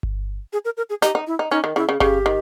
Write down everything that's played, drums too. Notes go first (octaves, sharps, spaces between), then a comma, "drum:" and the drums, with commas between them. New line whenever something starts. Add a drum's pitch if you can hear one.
drum: kick G1
G#4
A#4
A#4
G#4
D#4 G4, drum: snare
D#4
E4
D#4
C#4 D#4
D#3
C#3 E4
C#3
C#3 G4, drum: kick G1
D#3